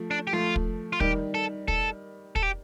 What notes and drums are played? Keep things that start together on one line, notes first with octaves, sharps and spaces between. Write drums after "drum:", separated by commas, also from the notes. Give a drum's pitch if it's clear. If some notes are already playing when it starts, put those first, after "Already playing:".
Already playing: F3 A3
D4
G4
F3 A3 F4
drum: kick
F4
D#3 G3 G4, drum: kick
A4
A4, drum: kick
A4, drum: kick
G4